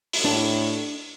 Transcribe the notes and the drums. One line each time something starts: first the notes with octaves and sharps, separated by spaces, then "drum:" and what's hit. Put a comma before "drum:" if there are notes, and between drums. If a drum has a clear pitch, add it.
drum: open hi-hat
A2 D4